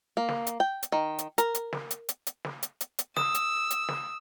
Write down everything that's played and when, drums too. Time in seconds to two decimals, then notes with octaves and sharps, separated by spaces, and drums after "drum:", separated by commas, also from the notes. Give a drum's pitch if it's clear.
0.17 A#3
0.29 drum: snare
0.47 drum: hi-hat
0.60 G5
0.83 drum: hi-hat
0.92 D#3
1.19 drum: hi-hat
1.38 A#4, drum: hi-hat
1.55 drum: hi-hat
1.73 drum: snare
1.91 drum: hi-hat
2.09 drum: hi-hat
2.27 drum: hi-hat
2.45 drum: snare
2.63 drum: hi-hat
2.81 drum: hi-hat
2.99 drum: hi-hat
3.17 D#6 E6, drum: snare
3.35 drum: hi-hat
3.71 drum: hi-hat
3.89 drum: snare